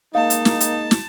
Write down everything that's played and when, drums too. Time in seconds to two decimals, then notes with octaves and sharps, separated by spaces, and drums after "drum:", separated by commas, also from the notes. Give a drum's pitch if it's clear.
0.15 G#3 A#3 D#4 F5 A5
0.30 drum: hi-hat
0.45 drum: snare
0.60 drum: hi-hat
0.91 drum: snare